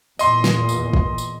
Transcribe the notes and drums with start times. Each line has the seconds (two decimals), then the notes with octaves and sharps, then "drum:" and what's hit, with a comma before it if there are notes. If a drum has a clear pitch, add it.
0.19 E2 A#2 D#5 C6, drum: tambourine
0.44 drum: snare
0.69 drum: tambourine
0.93 drum: kick G#1
1.18 drum: tambourine